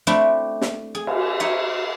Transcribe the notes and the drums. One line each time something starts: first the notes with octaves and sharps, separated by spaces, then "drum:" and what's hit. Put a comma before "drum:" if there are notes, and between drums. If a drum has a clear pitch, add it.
A3 C4 D4 E4 F#4 G4
drum: snare
G#4
drum: cymbal
D#4 C#5 E5